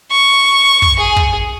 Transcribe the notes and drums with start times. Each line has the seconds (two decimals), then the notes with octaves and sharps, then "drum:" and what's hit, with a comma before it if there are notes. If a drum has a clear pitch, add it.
0.12 C#6
0.82 drum: kick
0.99 G#4
1.16 drum: kick